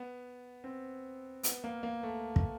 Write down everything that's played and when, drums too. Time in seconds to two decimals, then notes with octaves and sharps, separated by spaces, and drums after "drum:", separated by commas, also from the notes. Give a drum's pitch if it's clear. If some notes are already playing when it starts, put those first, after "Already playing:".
Already playing: B3
0.64 C4
1.43 B3, drum: hi-hat
1.64 A#3
1.83 A#3
2.03 A3
2.36 drum: kick